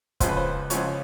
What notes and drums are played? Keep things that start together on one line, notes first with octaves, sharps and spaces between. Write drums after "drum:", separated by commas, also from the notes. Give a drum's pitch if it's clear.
C#2 C#3 F3 C5, drum: kick, hi-hat
B4
C5
C#2 C#3 F3 C#5, drum: hi-hat